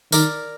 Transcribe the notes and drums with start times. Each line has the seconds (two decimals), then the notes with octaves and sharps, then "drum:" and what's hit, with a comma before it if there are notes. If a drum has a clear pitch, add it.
0.12 D#3 A#4 D5, drum: tambourine